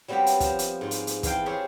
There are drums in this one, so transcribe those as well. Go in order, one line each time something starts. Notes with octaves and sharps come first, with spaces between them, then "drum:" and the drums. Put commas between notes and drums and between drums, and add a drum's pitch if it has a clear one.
F#3 G3 B3 C4 F4 G4
drum: hi-hat
F3, drum: kick, hi-hat
drum: hi-hat
G#2 F4
drum: hi-hat
drum: hi-hat
E2 E3 F5 G5, drum: kick, hi-hat
G4 G#4 C5 C#5 E5 F5